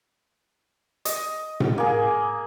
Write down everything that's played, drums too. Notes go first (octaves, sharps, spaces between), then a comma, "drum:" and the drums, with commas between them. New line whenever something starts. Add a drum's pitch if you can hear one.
D#5, drum: hi-hat
drum: tom A2
A#3 G#4